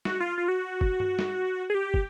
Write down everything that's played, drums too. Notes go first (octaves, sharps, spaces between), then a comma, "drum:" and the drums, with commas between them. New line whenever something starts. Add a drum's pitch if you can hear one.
F#4, drum: snare
F4
F4
F#4
drum: kick
drum: tom G2
drum: snare
G#4
G4
drum: kick